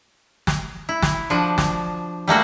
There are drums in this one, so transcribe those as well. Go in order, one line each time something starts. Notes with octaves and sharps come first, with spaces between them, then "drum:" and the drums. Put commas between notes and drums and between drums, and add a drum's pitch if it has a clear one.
drum: snare
E4
drum: snare
F3 D4 F#4
drum: snare
G3 A3 A#3 F#4